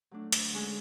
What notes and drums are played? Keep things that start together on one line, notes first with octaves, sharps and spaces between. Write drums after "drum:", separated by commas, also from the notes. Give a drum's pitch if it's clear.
F#3 A3 D4
D2, drum: hi-hat
D3 G#3 C#4 G#4